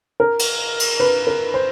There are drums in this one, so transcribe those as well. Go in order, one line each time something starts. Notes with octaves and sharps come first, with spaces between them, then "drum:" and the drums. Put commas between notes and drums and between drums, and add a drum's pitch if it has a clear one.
A#4
drum: cymbal
drum: cymbal
B4
A#4
C5